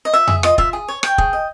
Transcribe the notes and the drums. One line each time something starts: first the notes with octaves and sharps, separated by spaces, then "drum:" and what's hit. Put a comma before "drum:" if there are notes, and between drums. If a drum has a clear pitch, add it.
D#5
F4 E5
G#4, drum: tom F2
F4 D#5, drum: rim click
F4 E5, drum: kick
G#4
C#5
C#5 G5, drum: rim click
G#4, drum: kick
D#5